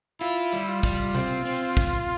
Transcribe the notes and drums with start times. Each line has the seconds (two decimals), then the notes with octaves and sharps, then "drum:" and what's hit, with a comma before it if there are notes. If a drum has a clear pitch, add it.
0.21 E4 F4, drum: hi-hat
0.52 G3
0.68 F4
0.83 G3, drum: kick, hi-hat
1.15 C4, drum: tom B2
1.45 C4, drum: open hi-hat
1.77 drum: kick